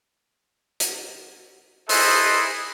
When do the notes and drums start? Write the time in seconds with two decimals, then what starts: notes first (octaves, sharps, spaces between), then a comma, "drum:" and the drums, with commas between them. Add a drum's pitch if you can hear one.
0.80 drum: hi-hat
1.89 E4 G#4 A4 B4 C5 D#5, drum: open hi-hat